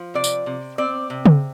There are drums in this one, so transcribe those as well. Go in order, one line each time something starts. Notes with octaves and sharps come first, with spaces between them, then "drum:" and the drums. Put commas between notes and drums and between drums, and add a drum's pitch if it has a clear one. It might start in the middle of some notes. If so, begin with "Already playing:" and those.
Already playing: F3
C3 D5
drum: tambourine
C3
C4 D5
C3
drum: tom C#3